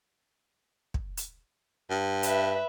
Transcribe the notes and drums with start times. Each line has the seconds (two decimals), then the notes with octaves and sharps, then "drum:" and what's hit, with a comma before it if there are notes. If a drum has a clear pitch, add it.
0.94 drum: kick
1.17 drum: hi-hat
1.91 G2
2.23 B4 E5, drum: hi-hat